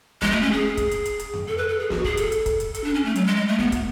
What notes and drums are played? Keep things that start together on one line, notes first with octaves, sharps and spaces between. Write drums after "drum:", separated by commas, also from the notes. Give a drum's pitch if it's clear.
G#3, drum: snare
A3
C#4
G#4
drum: kick, hi-hat
drum: hi-hat
drum: hi-hat
drum: hi-hat
drum: tom F2
A4
B4
A4
G#4
F#4, drum: snare
G#4, drum: kick
A4, drum: hi-hat
drum: hi-hat
drum: kick, hi-hat
drum: hi-hat
A4, drum: hi-hat
D4
C#4
A3
F#3, drum: hi-hat
G#3
G#3
A3
B3, drum: snare
drum: kick, hi-hat